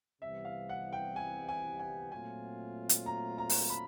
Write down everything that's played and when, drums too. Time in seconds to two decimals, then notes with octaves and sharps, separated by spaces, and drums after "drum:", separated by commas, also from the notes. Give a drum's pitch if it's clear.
0.22 C2 C3 E3 G3 B3 E5
0.45 F5
0.69 F#5
0.93 G5
1.16 G#5
1.49 G#5
1.79 G#5
2.11 A#2 F#3 A3 C4 F4 G#5
2.89 drum: hi-hat
3.06 A#5
3.38 A#5
3.50 drum: open hi-hat
3.70 B5